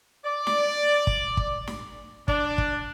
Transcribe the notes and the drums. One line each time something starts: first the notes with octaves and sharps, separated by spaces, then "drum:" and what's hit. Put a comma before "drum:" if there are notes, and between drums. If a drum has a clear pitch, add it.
D5
drum: snare
drum: kick
drum: kick
drum: snare
D4, drum: kick
drum: kick